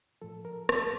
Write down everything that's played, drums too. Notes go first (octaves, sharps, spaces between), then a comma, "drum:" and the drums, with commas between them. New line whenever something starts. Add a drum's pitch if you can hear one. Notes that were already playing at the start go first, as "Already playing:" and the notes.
A2 F3 A4
A#4
A5, drum: rim click